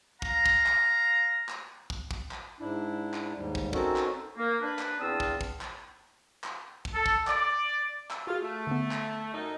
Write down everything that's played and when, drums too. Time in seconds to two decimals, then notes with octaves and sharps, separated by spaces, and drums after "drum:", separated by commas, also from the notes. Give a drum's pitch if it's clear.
0.22 F5 A#5, drum: kick
0.46 drum: kick
0.66 drum: clap
1.49 drum: clap
1.90 drum: kick
2.11 drum: kick
2.31 drum: clap
2.60 G#2 D4 E4
3.14 drum: clap
3.36 D#2 G#2 G3
3.55 drum: kick
3.73 C4 C#4 D#4 F#4 A4 A#4, drum: kick
3.96 drum: clap
4.37 A#3
4.61 D4 B4
4.79 drum: clap
4.99 E2 C4 D4 F4 D#6 E6
5.20 drum: kick
5.41 drum: kick
5.61 drum: clap
6.44 drum: clap
6.85 drum: kick
6.95 A4
7.06 drum: kick
7.27 D5, drum: clap
8.11 E6, drum: clap
8.27 F4 F#4 G#4
8.42 A3
8.67 D3 B3
8.91 drum: clap
9.34 F#2 D#4